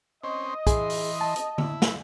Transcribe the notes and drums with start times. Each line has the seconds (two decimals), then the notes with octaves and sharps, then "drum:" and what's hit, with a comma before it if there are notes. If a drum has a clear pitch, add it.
0.24 C4 C#4 C5 D#5
0.67 E3 G#4 C6, drum: kick, hi-hat
0.90 drum: open hi-hat
1.21 A5
1.36 drum: hi-hat
1.58 E4, drum: tom D3
1.82 drum: snare